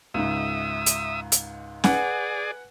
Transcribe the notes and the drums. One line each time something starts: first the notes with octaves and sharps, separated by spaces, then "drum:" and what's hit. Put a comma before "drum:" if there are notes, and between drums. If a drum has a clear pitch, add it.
C#2 G#2 E5 D#6
drum: hi-hat
drum: hi-hat
G#4 B4 D5 F#5 G#5, drum: snare